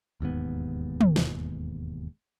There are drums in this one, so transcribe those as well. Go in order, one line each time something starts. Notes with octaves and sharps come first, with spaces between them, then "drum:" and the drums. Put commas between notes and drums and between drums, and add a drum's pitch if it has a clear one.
E1 D#2 G#2 B3
drum: tom
drum: snare